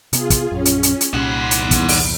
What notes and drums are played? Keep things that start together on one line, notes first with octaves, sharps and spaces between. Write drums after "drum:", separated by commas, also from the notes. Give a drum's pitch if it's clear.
C3 B3 F4 G#4, drum: hi-hat
drum: kick, hi-hat
A#1 F#2 C#4
drum: hi-hat
drum: hi-hat
drum: hi-hat
C2 A#2 G3 D#4 F#5 B5 C6
E2, drum: hi-hat
drum: kick, hi-hat
drum: open hi-hat